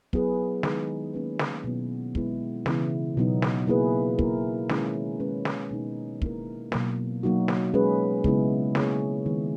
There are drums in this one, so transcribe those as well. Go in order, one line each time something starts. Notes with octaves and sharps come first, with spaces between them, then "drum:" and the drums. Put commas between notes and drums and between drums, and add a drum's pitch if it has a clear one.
F#3 B3 E4 G#4 B4, drum: kick
D#3 G#3 D#4, drum: snare
A#3 C#4 G#4 B4
drum: snare
B2 F#3 B3 E4
G#3 B3 E4, drum: kick
C#3 E3 B3 E4, drum: snare
B2 F#3 B3 D#4
drum: snare
A#3 E4 G#4 B4
A#3 E4 A#4, drum: kick
D#3 G#3 C#4 E4 G#4, drum: snare
G#3 C#4 E4 B4
drum: snare
B2 G#3 B3 D#4
A#3 C#4 E4 A#4, drum: kick
B2 F#3 A#3, drum: snare
F#3 A#3 D#4 F#4
drum: snare
G#3 C#4 G#4 B4
C#3 G#3 B3 E4, drum: kick
A#3 C#4 E4 G#4 C#5, drum: snare
D#3 G#3 B3 E4